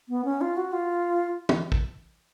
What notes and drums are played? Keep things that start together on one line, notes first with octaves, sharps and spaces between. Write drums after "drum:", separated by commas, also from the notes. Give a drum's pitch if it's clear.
B3
C#4
F4
F#4
F4
drum: tom
drum: kick